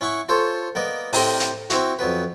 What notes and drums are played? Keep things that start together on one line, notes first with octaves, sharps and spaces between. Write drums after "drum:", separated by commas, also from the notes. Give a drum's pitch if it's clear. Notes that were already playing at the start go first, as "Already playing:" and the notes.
C#4 E4 F#5 C#6
F4 A4 C5 C#5
A#3 B3 D5 D#5
A2 C4 G4 A#5, drum: open hi-hat
drum: hi-hat
C4 E4 F#4, drum: hi-hat
F2 F#3 B3 B4